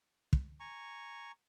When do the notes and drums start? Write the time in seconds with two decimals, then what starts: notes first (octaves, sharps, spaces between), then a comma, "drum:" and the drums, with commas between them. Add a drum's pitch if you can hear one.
0.33 drum: kick
0.60 G#5 A#5 C#6